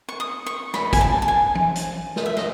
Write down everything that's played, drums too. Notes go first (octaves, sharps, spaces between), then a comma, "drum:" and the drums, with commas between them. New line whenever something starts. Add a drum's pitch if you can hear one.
C#6
D#6
C#6
B5, drum: snare
G#5, drum: kick, hi-hat
A5
A5
G#5
drum: tom E3
drum: hi-hat
drum: snare
E5
D#5, drum: snare